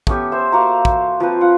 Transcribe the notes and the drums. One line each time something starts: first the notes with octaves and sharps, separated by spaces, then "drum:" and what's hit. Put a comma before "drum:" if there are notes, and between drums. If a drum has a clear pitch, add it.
A3 B3 C#4 G4, drum: kick
C5 E5
A#3 F#4 A#5
drum: kick
F3 C4 B4
F4 F#5